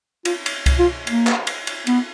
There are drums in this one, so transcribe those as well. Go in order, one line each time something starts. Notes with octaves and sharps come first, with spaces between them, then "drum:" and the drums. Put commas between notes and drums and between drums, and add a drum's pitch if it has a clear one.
F4, drum: cymbal
drum: cymbal
drum: kick C2, cymbal
F4
A#3, drum: cymbal
drum: clap
drum: cymbal
drum: cymbal
B3, drum: cymbal